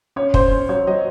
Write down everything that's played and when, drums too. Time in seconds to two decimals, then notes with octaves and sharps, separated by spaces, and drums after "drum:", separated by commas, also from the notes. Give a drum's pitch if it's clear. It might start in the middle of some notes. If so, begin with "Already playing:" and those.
0.16 C#4 C#5
0.34 C#4 C5, drum: kick
0.51 C#4 C5
0.69 F#3 C#5
0.87 F#3 D#5